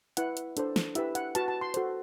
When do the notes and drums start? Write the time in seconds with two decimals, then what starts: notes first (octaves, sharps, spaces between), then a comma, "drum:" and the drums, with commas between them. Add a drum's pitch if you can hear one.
0.17 E4 B4 F#5, drum: hi-hat
0.37 drum: hi-hat
0.57 D4 A4 C5, drum: hi-hat
0.76 drum: snare
0.95 E4 G4 B4 E5, drum: hi-hat
1.15 F#5, drum: hi-hat
1.35 F#4 B4 A5, drum: hi-hat
1.48 A5
1.61 C6
1.74 F#4 A4 C5, drum: hi-hat